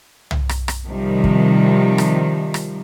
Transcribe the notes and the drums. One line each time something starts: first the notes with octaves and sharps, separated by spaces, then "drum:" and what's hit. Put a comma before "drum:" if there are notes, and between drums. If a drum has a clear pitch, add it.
drum: tom
drum: rim click
drum: rim click
C3 D#3 F3 G3
drum: kick
drum: rim click
drum: rim click